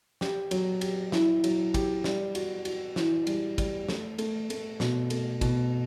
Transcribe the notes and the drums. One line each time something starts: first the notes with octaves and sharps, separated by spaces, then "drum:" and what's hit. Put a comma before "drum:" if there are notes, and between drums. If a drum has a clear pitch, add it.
G4, drum: snare
F#3, drum: cymbal
G4, drum: cymbal
E4, drum: snare
F#3, drum: cymbal
G4, drum: kick, cymbal
G3, drum: snare
F#4, drum: cymbal
F#4, drum: cymbal
E3, drum: snare
G3, drum: cymbal
G3, drum: kick, cymbal
A3, drum: snare
A3, drum: cymbal
A3, drum: cymbal
B2, drum: snare
A3, drum: cymbal
B2, drum: kick, cymbal